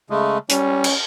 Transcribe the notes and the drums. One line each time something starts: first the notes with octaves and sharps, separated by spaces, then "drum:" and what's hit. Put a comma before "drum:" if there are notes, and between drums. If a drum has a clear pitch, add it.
C#3 G#3 A3
G3 C#4, drum: hi-hat
drum: cymbal